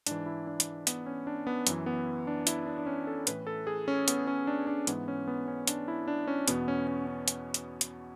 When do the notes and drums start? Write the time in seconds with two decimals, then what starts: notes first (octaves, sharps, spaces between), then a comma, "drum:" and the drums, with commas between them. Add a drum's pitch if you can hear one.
0.07 G#2 E3 D4, drum: hi-hat
0.26 E4
0.47 D4
0.60 drum: hi-hat
0.87 B3, drum: hi-hat
1.06 C#4
1.27 D4
1.47 B3
1.67 F#2 E3, drum: hi-hat
1.86 B3
2.27 D4
2.47 E4, drum: hi-hat
2.67 D4
2.78 D4
2.86 C#4
3.07 A4
3.27 A2 E3 B4, drum: hi-hat
3.47 A4
3.67 G#4
3.88 C#4
4.08 B3, drum: hi-hat
4.27 C#4
4.47 D4
4.67 D4
4.87 G#2 E3 B3, drum: hi-hat
5.08 C#4
5.28 B3
5.47 C#4
5.67 D4, drum: hi-hat
5.88 E4
6.08 D4
6.27 C#4
6.48 E2 B2 B3, drum: hi-hat
6.68 C#4
6.87 C#4
7.07 C#4
7.28 drum: hi-hat
7.54 drum: hi-hat
7.81 drum: hi-hat